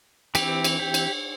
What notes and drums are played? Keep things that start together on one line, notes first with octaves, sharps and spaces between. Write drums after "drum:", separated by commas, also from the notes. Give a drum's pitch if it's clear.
E3 C4 G4, drum: cymbal
drum: cymbal
G4
drum: cymbal